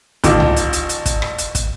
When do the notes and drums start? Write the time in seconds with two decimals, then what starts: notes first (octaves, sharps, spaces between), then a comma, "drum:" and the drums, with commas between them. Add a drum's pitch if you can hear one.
0.24 A1 D#3 F4 D6, drum: kick, hi-hat
0.40 drum: tom
0.56 drum: hi-hat
0.73 drum: hi-hat
0.89 drum: hi-hat
1.06 drum: kick, hi-hat
1.22 drum: rim click
1.38 drum: hi-hat
1.55 drum: kick, hi-hat